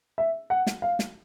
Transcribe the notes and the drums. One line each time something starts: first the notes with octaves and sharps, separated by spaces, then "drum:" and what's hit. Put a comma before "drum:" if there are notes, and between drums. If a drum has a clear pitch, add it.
E5
F#5
drum: snare
F5
drum: snare